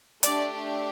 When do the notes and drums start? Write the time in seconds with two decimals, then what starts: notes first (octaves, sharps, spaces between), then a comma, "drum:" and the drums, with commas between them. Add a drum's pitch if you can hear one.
0.23 A3 D4 G4 D5, drum: hi-hat